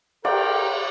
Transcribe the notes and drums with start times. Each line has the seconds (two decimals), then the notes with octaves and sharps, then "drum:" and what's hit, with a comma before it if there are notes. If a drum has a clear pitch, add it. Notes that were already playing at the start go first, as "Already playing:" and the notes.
0.25 A4 A#4 D5 G5, drum: cymbal